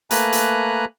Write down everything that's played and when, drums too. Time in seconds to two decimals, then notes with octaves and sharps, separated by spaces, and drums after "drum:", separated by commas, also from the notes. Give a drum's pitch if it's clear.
0.11 A3 A#3 B4 G#5 A#5 F#6, drum: hi-hat
0.32 drum: hi-hat